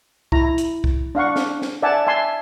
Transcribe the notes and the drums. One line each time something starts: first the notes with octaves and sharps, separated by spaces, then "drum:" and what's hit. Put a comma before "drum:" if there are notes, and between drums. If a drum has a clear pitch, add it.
E4 A#5, drum: kick C2
drum: hi-hat
drum: kick C2
D4 F5 F#5 C#6
drum: snare
drum: snare
D5 E5 F#5 G#5 A5
E5 G#5 A5 C6